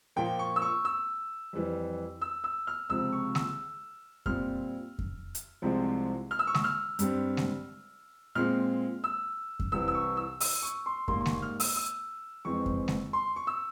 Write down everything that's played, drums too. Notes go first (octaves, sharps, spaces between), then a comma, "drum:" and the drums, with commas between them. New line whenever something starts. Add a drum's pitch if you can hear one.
A#2 F3 A#3 G5
C#6
E6
C#6
E6
F2 E3 G3
E6
E6
F6
C#2 C3 F3 C4 E6
C#6
E6, drum: snare G#3
A#2 G3 C4 F6, drum: kick F2
drum: kick F2
drum: hi-hat
C2 C3 F3 G#3 C4
F6
E6
C#6
E6, drum: snare G#3
F6
G2 G3 C4, drum: hi-hat
drum: snare G#3
A#2 G#3 C4 F6
E6
drum: kick F2
C2 C3 E3 E6
E6
C#6
E6
E6, drum: open hi-hat
C#6
C6
G#2 G3 A#3 C6, drum: kick F2
C6
C#6, drum: snare G#3
F6
E6, drum: open hi-hat
E6
F2 E3 G#3 C4 C#6
drum: kick F2
drum: snare G#3
C6
C#6
E6